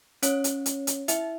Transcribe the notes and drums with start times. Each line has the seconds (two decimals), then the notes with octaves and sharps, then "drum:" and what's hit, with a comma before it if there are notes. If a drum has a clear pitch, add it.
0.23 C#4 C#5, drum: hi-hat
0.44 drum: hi-hat
0.66 drum: hi-hat
0.87 drum: hi-hat
1.08 E4 E5, drum: hi-hat